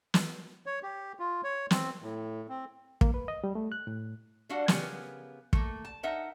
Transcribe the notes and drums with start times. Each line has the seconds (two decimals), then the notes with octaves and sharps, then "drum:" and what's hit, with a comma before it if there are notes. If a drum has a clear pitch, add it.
0.14 drum: snare
0.66 C#5
0.83 G4
1.19 F4
1.44 C#5
1.71 C4, drum: snare
2.02 A2
2.49 C4
3.01 A#3, drum: kick
3.14 B4
3.28 D#5
3.44 G3
3.55 A3
3.72 F#6
3.87 A2
4.49 G3 D4 F#4 F5 F#5
4.68 C#3 B3 G4 A#4 G#5, drum: snare
5.53 A3 A#3, drum: kick
5.85 A5
6.03 D#4 A#4 E5 F#5 A5